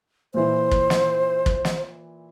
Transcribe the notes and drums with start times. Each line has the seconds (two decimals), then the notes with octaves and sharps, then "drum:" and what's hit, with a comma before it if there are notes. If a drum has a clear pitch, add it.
0.34 A#2 E3 C5
0.71 drum: kick
0.90 drum: snare
1.46 drum: kick
1.65 drum: snare